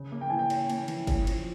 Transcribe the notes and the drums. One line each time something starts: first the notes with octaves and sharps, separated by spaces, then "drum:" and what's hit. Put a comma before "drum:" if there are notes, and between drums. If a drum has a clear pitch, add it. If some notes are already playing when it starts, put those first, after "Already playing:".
Already playing: C#3
A#3
G5
E3 G#5
G5
C#4, drum: cymbal
A#3, drum: cymbal
E3, drum: cymbal
C#4, drum: kick, cymbal
F3, drum: cymbal